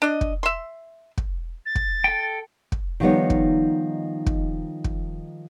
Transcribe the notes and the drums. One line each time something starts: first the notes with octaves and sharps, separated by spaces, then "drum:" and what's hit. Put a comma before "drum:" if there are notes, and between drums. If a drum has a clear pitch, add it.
D4 D#5
drum: kick
E5 C6
drum: kick
A6
drum: kick
A4 G5
drum: kick
D#3 F3 G3 B3 D#4 C#5
drum: kick
drum: kick
drum: kick